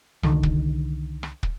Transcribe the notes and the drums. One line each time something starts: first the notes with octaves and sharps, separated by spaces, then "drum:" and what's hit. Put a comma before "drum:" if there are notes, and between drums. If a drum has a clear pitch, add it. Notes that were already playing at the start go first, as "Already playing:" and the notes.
C2 D3 D#3, drum: rim click
drum: kick
drum: rim click
drum: kick